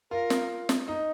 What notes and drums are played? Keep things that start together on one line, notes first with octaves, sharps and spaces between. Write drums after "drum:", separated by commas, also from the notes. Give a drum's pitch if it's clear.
F4 A#4
drum: snare
drum: snare
D#4